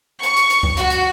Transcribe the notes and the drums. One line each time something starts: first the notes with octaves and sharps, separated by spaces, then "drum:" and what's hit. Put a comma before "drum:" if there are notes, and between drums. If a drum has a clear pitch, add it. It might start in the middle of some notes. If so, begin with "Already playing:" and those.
C#6, drum: hi-hat
drum: hi-hat
drum: hi-hat
drum: kick C#2
F#4, drum: hi-hat
drum: hi-hat